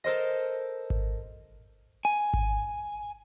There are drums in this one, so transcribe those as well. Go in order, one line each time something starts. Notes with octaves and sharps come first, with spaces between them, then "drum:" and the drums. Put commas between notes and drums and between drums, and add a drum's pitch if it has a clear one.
A4 A#4 C5 D#5
drum: kick G#1
G#5
drum: kick G#1